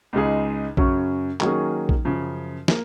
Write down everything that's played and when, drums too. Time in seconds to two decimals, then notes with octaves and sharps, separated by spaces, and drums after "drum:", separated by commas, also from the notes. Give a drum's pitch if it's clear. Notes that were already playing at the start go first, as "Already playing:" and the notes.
0.13 C#2 C#3 G#3 D#4 G#4
0.77 F#2 C#3 F#3 C#4, drum: kick A#1
1.41 D#3 F#3 A#3 C#4 G#4, drum: clap
1.89 drum: kick A#1
2.05 F#2 C#3 F3
2.68 A#3, drum: snare